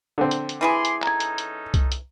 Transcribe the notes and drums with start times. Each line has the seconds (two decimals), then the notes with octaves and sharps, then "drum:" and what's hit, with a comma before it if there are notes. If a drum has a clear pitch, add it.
0.18 D3 C4
0.31 drum: hi-hat
0.49 drum: hi-hat
0.61 E3 E4 G#4 C6 D6
0.85 drum: hi-hat
1.03 C#4 D#4 A4 A#5 G#6, drum: clap
1.20 drum: hi-hat
1.38 drum: hi-hat
1.74 drum: kick C2, hi-hat
1.92 drum: hi-hat